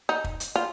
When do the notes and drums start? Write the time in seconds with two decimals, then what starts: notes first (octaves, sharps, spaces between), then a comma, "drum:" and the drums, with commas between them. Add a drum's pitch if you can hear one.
0.09 D#4
0.24 drum: kick
0.40 drum: hi-hat
0.56 F4